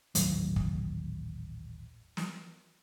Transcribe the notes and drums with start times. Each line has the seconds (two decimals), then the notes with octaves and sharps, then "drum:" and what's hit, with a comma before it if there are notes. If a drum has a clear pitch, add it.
0.15 D#1 A1 D#2 F#3, drum: hi-hat
0.56 drum: kick
2.17 drum: snare